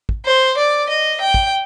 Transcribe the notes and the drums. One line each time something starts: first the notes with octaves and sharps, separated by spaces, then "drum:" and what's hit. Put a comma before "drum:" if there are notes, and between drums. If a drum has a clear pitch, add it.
drum: kick
C5
D5
D#5
G5
drum: kick